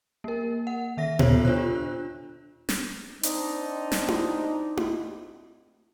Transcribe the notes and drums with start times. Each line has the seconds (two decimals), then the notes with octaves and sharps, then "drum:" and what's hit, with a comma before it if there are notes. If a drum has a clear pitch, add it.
0.24 A#3 A#4
0.67 F#5
0.97 D#3 E5 A#6
1.19 B3 F4 G4 A4 C5 C#5, drum: tom A#2
1.45 D4 F4 C5 F#6
2.69 drum: snare
3.23 C4 D4 D#4, drum: hi-hat
3.92 drum: snare
4.08 drum: tom E4
4.77 drum: tom E4